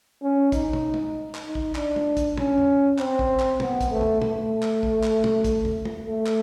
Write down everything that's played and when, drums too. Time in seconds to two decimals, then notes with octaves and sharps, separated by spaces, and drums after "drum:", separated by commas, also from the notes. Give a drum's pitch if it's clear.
0.22 C#4
0.52 D#4, drum: kick, hi-hat
0.73 drum: tom
0.94 drum: tom
1.35 drum: clap
1.45 D#4
1.55 drum: kick
1.75 D4, drum: clap
1.96 drum: tom
2.17 drum: kick, hi-hat
2.38 C#4, drum: tom
2.58 drum: tom
2.98 C4, drum: clap
3.19 drum: kick
3.40 drum: clap
3.60 B3, drum: tom
3.81 drum: kick, hi-hat
3.91 A3
4.01 drum: tom
4.22 A3, drum: tom
4.63 drum: clap
4.83 drum: kick
5.03 drum: clap
5.24 drum: tom
5.44 drum: kick, hi-hat
5.65 drum: tom
5.85 drum: tom
6.05 A3
6.26 drum: clap